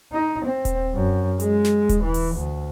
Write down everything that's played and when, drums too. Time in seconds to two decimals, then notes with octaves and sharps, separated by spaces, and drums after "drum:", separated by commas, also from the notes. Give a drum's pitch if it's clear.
0.13 D#4
0.45 C4
0.65 drum: kick D#1, hi-hat
0.94 F#2
1.40 G#3, drum: hi-hat
1.64 drum: snare
1.89 drum: kick D#1, hi-hat
2.03 E3
2.14 drum: open hi-hat
2.36 D2